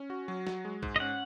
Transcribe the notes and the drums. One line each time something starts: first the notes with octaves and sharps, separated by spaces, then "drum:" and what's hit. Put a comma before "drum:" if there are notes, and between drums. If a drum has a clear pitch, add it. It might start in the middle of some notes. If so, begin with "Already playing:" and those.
Already playing: C#4
F#4
F#3
F#4, drum: snare
G#3
G#2, drum: kick A#1
D#5
C#4 F#5